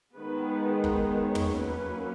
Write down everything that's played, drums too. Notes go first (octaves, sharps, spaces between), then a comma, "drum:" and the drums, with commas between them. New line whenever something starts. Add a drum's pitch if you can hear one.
D#3 G#3 B3 B4
drum: kick
C#5
drum: tom
F#3 A#3 C#4 B4